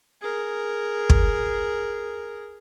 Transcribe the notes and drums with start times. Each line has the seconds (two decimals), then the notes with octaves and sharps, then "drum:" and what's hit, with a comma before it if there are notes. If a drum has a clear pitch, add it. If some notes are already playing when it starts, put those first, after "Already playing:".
0.22 G#4 A#4
1.10 drum: kick